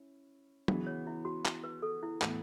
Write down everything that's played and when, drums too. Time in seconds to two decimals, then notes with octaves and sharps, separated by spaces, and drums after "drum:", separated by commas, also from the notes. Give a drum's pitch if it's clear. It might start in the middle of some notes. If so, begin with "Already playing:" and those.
Already playing: C#4 E4
0.68 C#3 E3 B3 F#4, drum: tom F#3
0.87 C#5
1.07 E4
1.25 F#4
1.45 F#4, drum: clap
1.64 B4
1.82 A4
2.03 E4
2.21 A2 E3 B3, drum: clap